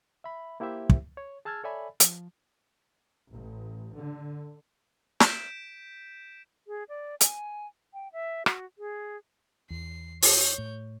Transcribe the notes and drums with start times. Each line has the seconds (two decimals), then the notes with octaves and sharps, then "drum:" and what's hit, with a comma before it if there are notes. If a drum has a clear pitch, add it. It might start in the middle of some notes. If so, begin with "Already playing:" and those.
0.24 E5 B5
0.60 A#3 E4 G4 C5 E5
0.89 drum: kick
1.17 C#5
1.45 G#4 A5 E6 F6 G#6 A6
1.64 A4 C#5 D5 E5 G#5 B5
2.00 F3, drum: hi-hat
3.30 A1
3.93 D3
5.20 G6 B6 D7 E7, drum: snare
6.67 G#4
6.89 D5
7.21 G#5, drum: hi-hat
7.93 G5
8.13 E5
8.46 F#4, drum: rim click
8.78 G#4
9.70 E2 C7
10.22 C#5 G6, drum: open hi-hat
10.58 A2